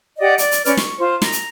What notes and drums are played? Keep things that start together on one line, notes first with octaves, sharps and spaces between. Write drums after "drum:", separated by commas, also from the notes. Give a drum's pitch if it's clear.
G4 D5 D#5 F#5
D5, drum: hi-hat
drum: hi-hat
C#4 B4 D5 F6, drum: hi-hat
C#6, drum: snare
F4 C5
A#5, drum: snare
drum: hi-hat